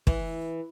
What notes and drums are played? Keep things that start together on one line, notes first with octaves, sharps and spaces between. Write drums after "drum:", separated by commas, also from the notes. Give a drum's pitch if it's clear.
E3, drum: kick